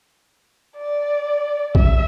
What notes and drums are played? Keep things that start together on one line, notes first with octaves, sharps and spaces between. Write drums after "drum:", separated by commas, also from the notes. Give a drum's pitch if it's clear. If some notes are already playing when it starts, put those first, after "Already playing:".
D5
E5, drum: kick A#1